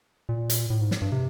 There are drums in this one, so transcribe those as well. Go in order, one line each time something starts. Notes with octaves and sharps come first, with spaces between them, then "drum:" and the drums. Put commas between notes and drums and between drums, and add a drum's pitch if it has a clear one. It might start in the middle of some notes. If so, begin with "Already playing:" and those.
A#2
drum: hi-hat
A2
G#2
drum: snare
G2
C3